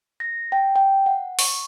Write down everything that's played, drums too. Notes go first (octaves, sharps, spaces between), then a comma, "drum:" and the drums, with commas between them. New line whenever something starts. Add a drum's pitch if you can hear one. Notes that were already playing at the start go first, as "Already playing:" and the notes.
A#6
G5
G5
F#5
C#6, drum: open hi-hat